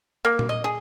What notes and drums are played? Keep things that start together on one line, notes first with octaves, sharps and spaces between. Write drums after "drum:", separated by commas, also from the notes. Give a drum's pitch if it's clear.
A#3
drum: tom A#2
D#5
G#4